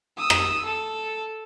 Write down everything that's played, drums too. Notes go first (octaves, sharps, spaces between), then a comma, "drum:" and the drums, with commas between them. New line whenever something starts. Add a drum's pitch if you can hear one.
D#6 E6
drum: rim click
A4